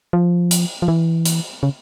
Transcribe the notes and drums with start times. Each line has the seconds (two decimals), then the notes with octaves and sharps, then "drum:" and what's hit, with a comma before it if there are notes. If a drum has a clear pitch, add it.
0.13 F3
0.51 drum: hi-hat
0.82 F3
0.88 E3
1.26 drum: hi-hat
1.63 C#3